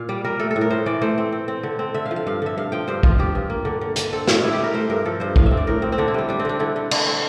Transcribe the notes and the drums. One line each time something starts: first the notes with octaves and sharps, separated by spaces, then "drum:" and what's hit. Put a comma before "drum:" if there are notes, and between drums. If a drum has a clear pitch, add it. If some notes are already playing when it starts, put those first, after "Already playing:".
Already playing: A#2 F5
G3 D5
G3 A#4
A3 A4
A4
A2
A#4
A2 C5
E3 D5
A3 C5
C4
C4
C4
D3
C4
D3 E5
F5
F3
F5
G2 F5
D3 E5
G2 F5
F3 G5
G2 C5
F3 F4, drum: kick
G2 G4
G2
A#3
D3
D3
D3, drum: hi-hat
C4 A4
A2 F4, drum: snare
G3 E4
G4
G3 A#4
A3 C5
G2 A#4
F3 A4
G2 C5
A2 F5, drum: kick
E5
C4
D5
A2 A#4
A2 C4
C4
D3 D4
E4
G3 D4
G3 D4
C4
D3 D4
D3 E4
D3
D3, drum: cymbal
C4